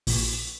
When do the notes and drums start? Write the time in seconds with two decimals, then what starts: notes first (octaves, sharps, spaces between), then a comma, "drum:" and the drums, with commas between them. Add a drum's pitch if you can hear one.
0.07 A#1, drum: open hi-hat